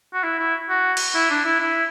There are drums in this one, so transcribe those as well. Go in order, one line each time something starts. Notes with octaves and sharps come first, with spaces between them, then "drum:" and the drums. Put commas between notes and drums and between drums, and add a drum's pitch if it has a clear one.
F#4
E4
E4
F#4
drum: cymbal
E4
D4
E4
E4